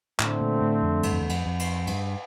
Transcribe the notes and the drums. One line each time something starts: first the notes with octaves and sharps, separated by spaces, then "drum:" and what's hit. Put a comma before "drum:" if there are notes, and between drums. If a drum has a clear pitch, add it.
A2 D3 A3 C4, drum: clap
A#2
A2
F2
G2, drum: cymbal
F2
E2
F2, drum: cymbal
F2
drum: cymbal
G2, drum: cymbal